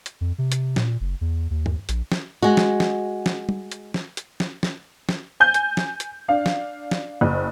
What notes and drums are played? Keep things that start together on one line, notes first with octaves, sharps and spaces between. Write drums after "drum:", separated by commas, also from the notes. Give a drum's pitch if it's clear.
drum: hi-hat
F2
C3
drum: hi-hat
A#2, drum: snare
F#1
E2
D#2
drum: tom G2
A#1, drum: hi-hat
drum: snare
G#3 F#4
drum: snare
drum: snare
drum: snare
drum: tom
drum: hi-hat
drum: snare
drum: hi-hat
drum: snare
drum: snare
drum: snare
G#5 G6
drum: hi-hat
drum: snare
drum: hi-hat
D4 F5
drum: snare
drum: snare
F#1